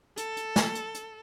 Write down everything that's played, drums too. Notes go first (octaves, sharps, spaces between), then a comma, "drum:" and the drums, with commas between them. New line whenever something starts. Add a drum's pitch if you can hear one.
A4, drum: hi-hat
drum: hi-hat
drum: snare
drum: hi-hat
drum: hi-hat